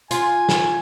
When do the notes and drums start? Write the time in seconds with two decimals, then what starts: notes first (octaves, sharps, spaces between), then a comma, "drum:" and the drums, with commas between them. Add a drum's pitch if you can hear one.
0.11 F4 G#5, drum: hi-hat
0.49 drum: snare